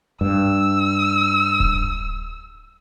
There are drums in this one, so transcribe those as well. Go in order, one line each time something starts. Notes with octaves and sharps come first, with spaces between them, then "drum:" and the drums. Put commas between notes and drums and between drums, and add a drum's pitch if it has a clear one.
G2 E6
drum: kick D1